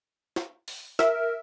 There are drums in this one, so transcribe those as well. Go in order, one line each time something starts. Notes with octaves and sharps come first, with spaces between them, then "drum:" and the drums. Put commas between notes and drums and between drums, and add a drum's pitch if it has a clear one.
drum: snare
drum: open hi-hat
A#4 E5, drum: snare